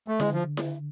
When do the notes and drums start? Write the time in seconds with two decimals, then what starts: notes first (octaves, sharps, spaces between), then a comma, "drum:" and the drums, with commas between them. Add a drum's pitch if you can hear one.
0.08 A3
0.20 D3 G#3, drum: snare E4
0.33 F3
0.57 drum: snare E4